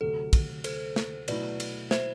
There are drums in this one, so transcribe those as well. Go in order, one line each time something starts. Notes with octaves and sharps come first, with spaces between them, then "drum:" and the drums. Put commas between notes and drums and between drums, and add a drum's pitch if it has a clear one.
D2 C3 F#3 A4
drum: kick, cymbal
A4 C5, drum: cymbal
drum: snare
B2 F#3 A3 E4 B4 D5, drum: cymbal
drum: cymbal
C5 E5, drum: snare